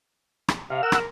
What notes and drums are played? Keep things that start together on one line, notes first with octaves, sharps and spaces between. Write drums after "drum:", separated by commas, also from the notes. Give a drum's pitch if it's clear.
drum: rim click
C3 F5
A#4 F#5 E6
drum: rim click